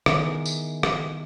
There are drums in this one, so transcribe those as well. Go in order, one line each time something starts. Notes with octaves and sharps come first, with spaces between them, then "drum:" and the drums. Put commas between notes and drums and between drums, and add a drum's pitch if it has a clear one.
D#3 G#3 B3 E4 G#4, drum: rim click
drum: tambourine
drum: rim click